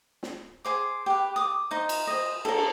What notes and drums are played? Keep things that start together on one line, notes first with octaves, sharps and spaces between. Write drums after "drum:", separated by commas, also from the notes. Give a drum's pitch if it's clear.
drum: snare
G#4 C5 D6
G4 B4
D6 D#6
D#4 C5
drum: cymbal
C5 D#5
A4 A#4, drum: cymbal